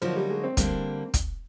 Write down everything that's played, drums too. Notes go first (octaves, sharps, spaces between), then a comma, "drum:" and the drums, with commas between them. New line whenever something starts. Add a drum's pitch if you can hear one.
D3 F3 F#3 A#3 D#4 F#4
G3
G#3
C4
D3 G3 A#3 C4, drum: kick, hi-hat
drum: kick, hi-hat